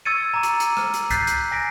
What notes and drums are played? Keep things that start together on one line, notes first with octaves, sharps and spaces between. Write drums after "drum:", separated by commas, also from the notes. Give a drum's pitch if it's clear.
C#6 E6 G#6 A6 C#7 D#7
A#5 D6
drum: hi-hat
drum: hi-hat
drum: rim click
drum: hi-hat
F#6 G6 A6 B6 C7, drum: kick C2, hi-hat
drum: hi-hat
G#5 A#6 B6 D7